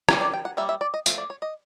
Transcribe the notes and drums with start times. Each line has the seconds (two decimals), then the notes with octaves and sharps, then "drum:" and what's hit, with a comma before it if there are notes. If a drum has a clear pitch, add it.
0.09 G3 A#3 C#4 C#5, drum: rim click
0.21 D5
0.34 G5
0.45 F#5
0.57 G3 A#3 C#4 E5
0.69 E5
0.81 D5
0.94 D#5
1.06 F3 A3, drum: tambourine
1.18 D5
1.30 C#5
1.42 D#5